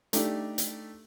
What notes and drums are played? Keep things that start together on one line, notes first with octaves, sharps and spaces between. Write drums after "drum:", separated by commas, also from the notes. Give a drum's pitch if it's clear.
A3 D4 D#4 G4, drum: hi-hat
drum: hi-hat